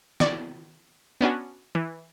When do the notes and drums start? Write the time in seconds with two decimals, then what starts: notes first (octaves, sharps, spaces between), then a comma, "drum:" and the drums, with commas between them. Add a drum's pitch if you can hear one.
0.20 D5 C#6, drum: snare
1.21 B3 C#4 D4 F#4
1.75 E3